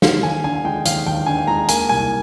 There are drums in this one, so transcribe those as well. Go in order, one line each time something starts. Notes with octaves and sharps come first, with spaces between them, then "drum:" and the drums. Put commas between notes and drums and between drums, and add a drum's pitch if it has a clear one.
D#2 F5, drum: snare
D#2 G#5
D3 G#5
G#3 G5
D#2 F5, drum: hi-hat
D#2 G5
D3 G#5
G#3 A#5
A#3 G#5, drum: hi-hat
C2 G#5